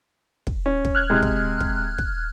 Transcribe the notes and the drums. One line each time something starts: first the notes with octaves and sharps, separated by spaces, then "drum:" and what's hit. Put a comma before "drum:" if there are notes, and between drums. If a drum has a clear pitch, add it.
drum: kick
C#4
drum: kick
F6 F#6 G#6
C3 G#3
drum: kick
drum: kick
drum: kick